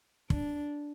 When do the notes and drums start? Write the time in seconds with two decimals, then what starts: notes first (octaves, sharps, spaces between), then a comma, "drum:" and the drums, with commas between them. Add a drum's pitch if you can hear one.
0.30 D4, drum: kick